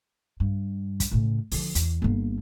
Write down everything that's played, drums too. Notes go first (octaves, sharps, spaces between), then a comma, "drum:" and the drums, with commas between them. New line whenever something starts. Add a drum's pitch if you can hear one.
G2
drum: kick, hi-hat
A2 C#3
D3 F3, drum: open hi-hat
E2, drum: hi-hat
G1 A#3